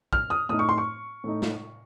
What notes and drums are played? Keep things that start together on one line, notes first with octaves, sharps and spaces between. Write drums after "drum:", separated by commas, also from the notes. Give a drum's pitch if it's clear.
F6, drum: kick
D#6
A2 A3 D#4 D#6
C#6
C6
C#6
A2 A3 D#4
drum: snare